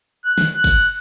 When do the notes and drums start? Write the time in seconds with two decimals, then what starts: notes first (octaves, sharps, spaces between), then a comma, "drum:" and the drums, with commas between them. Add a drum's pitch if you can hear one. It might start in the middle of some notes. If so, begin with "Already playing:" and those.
0.24 F#6
0.38 drum: snare
0.54 F#6
0.64 drum: kick, cymbal